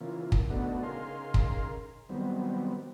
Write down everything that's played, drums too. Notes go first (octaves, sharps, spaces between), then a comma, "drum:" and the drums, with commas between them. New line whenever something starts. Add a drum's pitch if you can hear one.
C#3 E3 A#3 F4
drum: kick
A3 B3 D4 D#4 F#4
C#3 D#4 G#4 A#4 F5 C6
drum: kick
D#3 F#3 G3 B3 C4